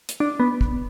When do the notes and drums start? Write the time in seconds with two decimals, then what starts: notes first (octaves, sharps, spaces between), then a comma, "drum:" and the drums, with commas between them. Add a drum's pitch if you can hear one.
0.09 drum: hi-hat
0.20 D4
0.40 B3
0.61 drum: kick